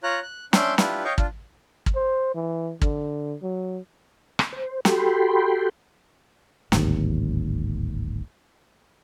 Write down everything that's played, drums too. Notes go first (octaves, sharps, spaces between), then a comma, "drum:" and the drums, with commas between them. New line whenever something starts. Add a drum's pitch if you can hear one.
F4 C#5 A#5 F#6
F#6
C#4 D4 E5 C6 D6 G6, drum: snare
D4 E4 F4 G4 B4, drum: snare
C#5 D#5 F5 G5 C#6 D6
D4 F4, drum: kick
drum: kick
C5
E3
D3, drum: kick
F#3
drum: rim click
C5
F#4 G4 A4 G5 B5 C6, drum: snare
D1 G#1 D#2, drum: snare